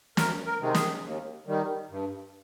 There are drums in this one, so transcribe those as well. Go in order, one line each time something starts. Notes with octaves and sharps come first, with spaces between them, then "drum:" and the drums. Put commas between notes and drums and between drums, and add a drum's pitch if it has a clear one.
D2 A#4, drum: snare
A#4
C3 D#3 G#3
G#4, drum: snare
D#2
D#3 G3
G2